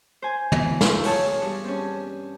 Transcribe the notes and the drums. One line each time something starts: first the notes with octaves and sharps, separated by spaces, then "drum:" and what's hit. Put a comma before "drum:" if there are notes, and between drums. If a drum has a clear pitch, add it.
C5 G#5
B2 E3, drum: tom
F5 C6 C#6 E6 G6, drum: snare
F#4 G#4 C#5 A5 C#6 D#6, drum: open hi-hat
G2
C4 C#4